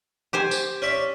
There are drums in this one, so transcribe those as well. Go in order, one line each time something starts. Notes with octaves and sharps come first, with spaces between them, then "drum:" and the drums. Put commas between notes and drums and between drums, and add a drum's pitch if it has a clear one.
G4 C5 G#5
drum: tambourine
C#4 D5 E5